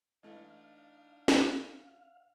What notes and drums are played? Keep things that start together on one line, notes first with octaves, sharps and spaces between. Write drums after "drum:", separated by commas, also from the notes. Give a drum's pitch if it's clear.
E3 A3 D4 D#4 D#5 F5
drum: snare